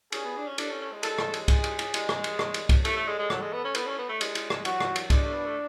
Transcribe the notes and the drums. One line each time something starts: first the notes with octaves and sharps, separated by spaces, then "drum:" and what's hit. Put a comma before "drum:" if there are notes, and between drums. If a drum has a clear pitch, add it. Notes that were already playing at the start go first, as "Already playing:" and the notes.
C#4 G#4, drum: cymbal
B3
D4
C#4
D4 A4, drum: cymbal
C#4
C#4
G#3
A4, drum: cymbal
drum: rim click
drum: cymbal
G#4, drum: kick C2, cymbal
drum: cymbal
drum: cymbal
G#3, drum: cymbal
drum: rim click
drum: cymbal
drum: rim click
drum: cymbal
drum: kick C2, cymbal
A3 A4, drum: cymbal
A3
G#3
G#3
F#3, drum: rim click
G#3
B3
C#4
B3, drum: cymbal
C#4
B3
A3
G#3, drum: cymbal
drum: cymbal
drum: rim click
F#3 F#4, drum: cymbal
drum: rim click
drum: cymbal
G#3 D4, drum: kick C2, cymbal
A3
B3
A3